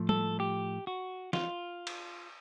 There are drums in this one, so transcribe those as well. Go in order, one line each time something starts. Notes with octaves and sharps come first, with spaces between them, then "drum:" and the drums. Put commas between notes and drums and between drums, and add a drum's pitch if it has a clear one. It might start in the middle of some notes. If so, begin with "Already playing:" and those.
Already playing: A2 F3 A3
A4, drum: tom
G4
F#4
F4, drum: snare
drum: cymbal